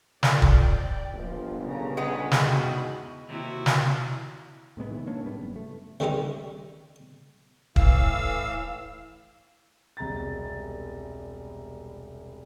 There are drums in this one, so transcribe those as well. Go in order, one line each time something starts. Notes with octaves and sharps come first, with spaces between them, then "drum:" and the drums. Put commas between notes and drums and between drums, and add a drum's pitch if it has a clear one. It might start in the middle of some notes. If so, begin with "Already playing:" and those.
F2 D5 G5, drum: snare
drum: kick
G1 A#2 F3
C#3 A#5
G#3 B3
E2 G#2 B2 F#4 D#5 G5 B5, drum: snare
D#2 A2 C3 E4 F#4
drum: snare
A2 C3 G#3 B3
C3 D#3 E3
E3 A#3 C#4 D4
G#2 G3 B3
F#1
A3
C#2 D#3 G3 G#3 D#4 D#5
A2 E3 F5 E6, drum: kick
E1 C2 B2 A#5 A6